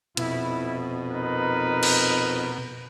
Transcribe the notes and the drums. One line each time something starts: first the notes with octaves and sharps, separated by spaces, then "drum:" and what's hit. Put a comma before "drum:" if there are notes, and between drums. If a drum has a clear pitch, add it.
F2 B2 E4, drum: hi-hat
D#4 A#4 B4
drum: cymbal